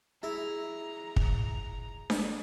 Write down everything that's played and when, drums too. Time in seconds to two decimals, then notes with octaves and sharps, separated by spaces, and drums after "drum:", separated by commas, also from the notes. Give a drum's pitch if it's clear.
0.23 E4 G#4 A#5
1.16 drum: kick
2.10 drum: snare D4